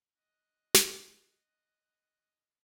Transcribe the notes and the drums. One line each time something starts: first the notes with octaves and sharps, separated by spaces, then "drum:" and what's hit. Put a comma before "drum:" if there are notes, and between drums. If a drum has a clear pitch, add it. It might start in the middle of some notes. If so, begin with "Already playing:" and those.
D#5 F#6
drum: snare